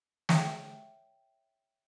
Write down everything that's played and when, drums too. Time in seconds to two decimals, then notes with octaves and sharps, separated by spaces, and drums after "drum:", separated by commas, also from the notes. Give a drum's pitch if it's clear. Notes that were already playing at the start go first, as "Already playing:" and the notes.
0.29 C#5 E5 G5, drum: snare